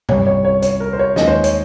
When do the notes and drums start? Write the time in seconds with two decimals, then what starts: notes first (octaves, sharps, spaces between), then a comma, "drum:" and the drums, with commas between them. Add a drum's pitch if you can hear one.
0.09 C2 C3 G3 C#5, drum: tom G2
0.27 C#5
0.45 C#5
0.62 C#5, drum: hi-hat
0.80 A#4
0.93 C5
0.99 C#5
1.16 D#2 D#3 G#3 D#5, drum: snare
1.27 C5
1.30 C#5
1.44 C#5, drum: hi-hat